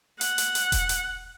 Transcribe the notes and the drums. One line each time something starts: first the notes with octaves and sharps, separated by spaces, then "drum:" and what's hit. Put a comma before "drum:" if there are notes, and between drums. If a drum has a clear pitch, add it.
F#5, drum: hi-hat
drum: hi-hat
drum: hi-hat
drum: kick E1, hi-hat
drum: hi-hat